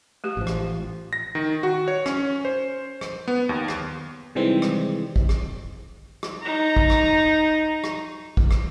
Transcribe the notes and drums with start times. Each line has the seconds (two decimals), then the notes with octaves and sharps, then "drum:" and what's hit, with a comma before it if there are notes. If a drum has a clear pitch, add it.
0.24 A3 G4
0.37 A1 F3
0.47 drum: rim click
1.13 A#6
1.35 D#3
1.63 F#4
1.88 C#5
2.06 C#4, drum: rim click
2.45 C5
3.01 drum: rim click
3.28 B3
3.49 D#2
3.68 drum: rim click
4.35 C3 D#3 E3 G3 G#3 C4
4.62 drum: rim click
5.16 drum: kick
5.29 drum: rim click
6.23 drum: rim click
6.42 D#4 A#5
6.76 drum: kick
6.90 drum: rim click
7.84 drum: rim click
8.37 drum: kick
8.51 drum: rim click